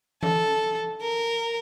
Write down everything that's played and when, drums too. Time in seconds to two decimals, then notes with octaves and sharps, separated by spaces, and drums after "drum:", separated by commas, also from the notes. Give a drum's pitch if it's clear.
0.23 A4, drum: tom E3
1.01 A#4